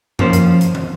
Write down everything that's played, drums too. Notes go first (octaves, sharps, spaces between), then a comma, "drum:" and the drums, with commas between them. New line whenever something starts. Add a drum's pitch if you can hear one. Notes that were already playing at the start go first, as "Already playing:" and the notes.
F3 A#3 C#4 C5, drum: tom F#2
drum: hi-hat
drum: hi-hat
drum: tom